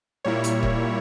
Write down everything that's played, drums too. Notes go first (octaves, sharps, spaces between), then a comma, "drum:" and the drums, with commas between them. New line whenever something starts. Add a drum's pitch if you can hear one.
A#2 G3 A#3 E4 C#5
drum: hi-hat
drum: kick